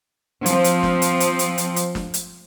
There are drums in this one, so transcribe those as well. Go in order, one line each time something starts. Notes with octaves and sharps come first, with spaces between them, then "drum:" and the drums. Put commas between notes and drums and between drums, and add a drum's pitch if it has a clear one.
F3 C4, drum: hi-hat
drum: hi-hat
drum: snare
drum: hi-hat
drum: hi-hat
drum: hi-hat
drum: hi-hat
drum: hi-hat
drum: snare
drum: hi-hat